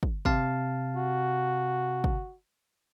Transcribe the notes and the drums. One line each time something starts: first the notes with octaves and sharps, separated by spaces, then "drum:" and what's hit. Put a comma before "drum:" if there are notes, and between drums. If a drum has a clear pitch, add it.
drum: kick
C3 F5 A5, drum: kick
F#4
drum: kick